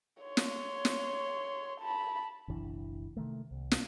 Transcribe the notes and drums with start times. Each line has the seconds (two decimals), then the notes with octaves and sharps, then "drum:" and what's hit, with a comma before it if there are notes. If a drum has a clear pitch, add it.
0.23 C#5 C6
0.37 drum: snare
0.85 drum: snare
1.80 A5 B5
2.48 F#1 B1 E3 D4
3.17 C3 D#3 A3
3.51 C2
3.71 drum: snare